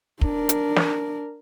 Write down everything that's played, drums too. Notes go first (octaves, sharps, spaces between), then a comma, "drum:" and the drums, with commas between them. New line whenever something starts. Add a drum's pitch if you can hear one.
D4 A#4, drum: kick
drum: hi-hat
drum: snare